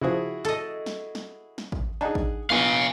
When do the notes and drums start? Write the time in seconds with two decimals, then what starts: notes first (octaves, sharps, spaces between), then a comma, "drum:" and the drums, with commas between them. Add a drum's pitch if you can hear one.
0.01 C#3 F3 E4 F#4 G#4
0.45 A4 D#5
0.86 drum: snare
1.15 drum: snare
1.58 drum: snare
1.72 drum: kick
2.01 D4 D#4 G#4 F#5 G#5
2.15 drum: kick
2.50 A#1 B3 F5 G#5